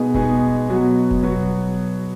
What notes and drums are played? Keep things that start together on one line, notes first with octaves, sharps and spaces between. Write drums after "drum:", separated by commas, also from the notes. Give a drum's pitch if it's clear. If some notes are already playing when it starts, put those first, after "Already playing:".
Already playing: B2 G#3 B3 D#4 G#4
B2 G#3 B3 D#4 G#4, drum: kick E1
B2 F#3 B3 F#4
drum: kick E1
B2 F#3 B3 F#4